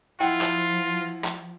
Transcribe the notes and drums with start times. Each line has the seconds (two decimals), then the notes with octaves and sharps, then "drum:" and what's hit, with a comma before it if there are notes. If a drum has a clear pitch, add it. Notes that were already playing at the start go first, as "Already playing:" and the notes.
0.20 F3 E4 F4 F#5 G5
0.41 drum: clap
1.24 drum: clap